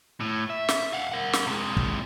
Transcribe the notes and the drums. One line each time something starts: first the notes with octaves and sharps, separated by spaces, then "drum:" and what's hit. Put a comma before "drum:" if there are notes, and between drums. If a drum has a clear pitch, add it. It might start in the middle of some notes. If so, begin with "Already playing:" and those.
A2
E5
drum: snare
F5 F#5
A#4 F#5
drum: snare
C3 G#3
drum: kick